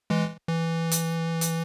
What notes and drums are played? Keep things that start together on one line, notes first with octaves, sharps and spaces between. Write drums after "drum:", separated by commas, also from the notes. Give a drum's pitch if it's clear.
E3 G#3
E3
drum: hi-hat
drum: hi-hat